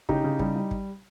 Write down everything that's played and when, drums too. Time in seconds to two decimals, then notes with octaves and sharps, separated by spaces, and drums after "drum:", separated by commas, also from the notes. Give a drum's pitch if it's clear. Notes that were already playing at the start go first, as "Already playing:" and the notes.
0.09 C#3 D#4 G4, drum: kick
0.24 C#3
0.39 G3, drum: kick
0.56 G3
0.71 drum: kick